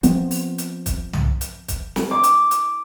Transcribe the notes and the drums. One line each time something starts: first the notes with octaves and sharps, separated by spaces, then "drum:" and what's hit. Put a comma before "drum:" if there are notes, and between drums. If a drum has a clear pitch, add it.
F3 B3 C4, drum: hi-hat
drum: open hi-hat
drum: hi-hat
drum: kick, hi-hat
drum: tom
drum: hi-hat
drum: kick, hi-hat
drum: snare
D6
drum: hi-hat
drum: hi-hat